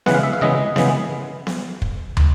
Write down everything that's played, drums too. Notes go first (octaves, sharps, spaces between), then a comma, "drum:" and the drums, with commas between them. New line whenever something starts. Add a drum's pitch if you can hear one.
C#3 E3 G#3 B3 F#5, drum: snare B3
F5
E5
F5
C#3 E3 G#3 B3 D#5
C#3 E3 G#3 B3, drum: snare B3
drum: snare B3
drum: kick
drum: tom